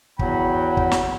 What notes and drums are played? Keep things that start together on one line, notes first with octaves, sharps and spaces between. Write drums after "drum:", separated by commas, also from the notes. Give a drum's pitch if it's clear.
E2 F#3 F#4 G5 B5, drum: kick
drum: kick
drum: snare